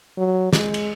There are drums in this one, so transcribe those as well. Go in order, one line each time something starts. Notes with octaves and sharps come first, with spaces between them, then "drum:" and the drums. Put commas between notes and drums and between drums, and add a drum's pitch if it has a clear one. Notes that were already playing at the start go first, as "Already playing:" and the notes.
F#3
G#3, drum: snare
drum: cymbal